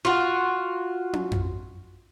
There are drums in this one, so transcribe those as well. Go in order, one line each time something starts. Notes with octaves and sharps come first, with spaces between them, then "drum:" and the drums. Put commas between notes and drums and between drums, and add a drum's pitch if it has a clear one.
F4 F#4
drum: tom
drum: tom F2